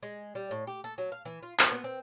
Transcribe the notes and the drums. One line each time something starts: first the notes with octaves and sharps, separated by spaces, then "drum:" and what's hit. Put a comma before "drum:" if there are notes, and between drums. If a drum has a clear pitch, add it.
G#3
G3
A2
G4
A4
F#3
F5
E3
F4
A3, drum: clap
B3
C4